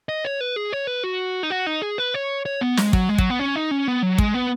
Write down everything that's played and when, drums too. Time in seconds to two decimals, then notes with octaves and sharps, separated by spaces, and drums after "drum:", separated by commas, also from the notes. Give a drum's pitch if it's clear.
0.09 D#5
0.25 C#5
0.41 B4
0.56 G#4
0.72 C#5
0.87 B4
1.04 F#4
1.43 D#4
1.50 F#4
1.66 D#4
1.82 G#4
1.98 B4
2.14 C#5
2.46 C#5
2.61 B3
2.77 G#3, drum: snare
2.93 F#3, drum: kick
3.09 G#3
3.18 F#3, drum: kick
3.30 B3
3.40 C#4
3.56 D#4
3.71 C#4
3.88 B3
4.02 F#3
4.18 G#3, drum: kick
4.34 B3